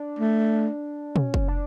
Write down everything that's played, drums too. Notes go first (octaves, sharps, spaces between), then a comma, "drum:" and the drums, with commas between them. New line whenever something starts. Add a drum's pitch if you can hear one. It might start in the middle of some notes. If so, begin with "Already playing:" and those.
Already playing: D4
A3
C#4, drum: tom
drum: kick
D4